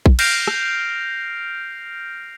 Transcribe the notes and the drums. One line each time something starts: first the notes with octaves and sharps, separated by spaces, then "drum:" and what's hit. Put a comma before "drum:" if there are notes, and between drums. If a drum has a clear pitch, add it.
drum: kick A#1
F6 G6 A#6 C7 D7 F7, drum: cymbal
drum: rim click